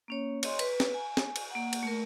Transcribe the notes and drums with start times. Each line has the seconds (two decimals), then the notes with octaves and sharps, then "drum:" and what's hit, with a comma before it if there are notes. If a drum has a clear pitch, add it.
0.08 A#3 C#4 C#5
0.43 C#5 D#5 C6, drum: cymbal
0.59 B4, drum: cymbal
0.80 drum: snare
0.94 G#5
1.17 drum: snare
1.36 drum: cymbal
1.51 A#3 F#5
1.73 drum: cymbal
1.83 A3 A#4